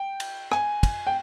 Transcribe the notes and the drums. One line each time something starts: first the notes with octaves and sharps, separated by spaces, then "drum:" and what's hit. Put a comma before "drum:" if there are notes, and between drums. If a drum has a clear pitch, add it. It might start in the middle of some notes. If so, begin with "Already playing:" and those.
Already playing: G5
drum: cymbal
G#5, drum: rim click
drum: kick, cymbal
G5